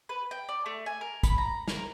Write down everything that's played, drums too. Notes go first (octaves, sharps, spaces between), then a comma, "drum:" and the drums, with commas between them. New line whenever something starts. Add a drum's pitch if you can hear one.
B4
G5
D5
A3
G#5
A#4
B5, drum: kick, hi-hat
A#5
A#4, drum: snare